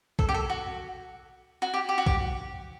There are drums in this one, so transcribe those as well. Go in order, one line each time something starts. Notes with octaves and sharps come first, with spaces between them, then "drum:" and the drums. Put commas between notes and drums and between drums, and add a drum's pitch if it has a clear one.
A4, drum: kick
G4
A4
F#4
F#4
G4
G4
F#4
G4, drum: kick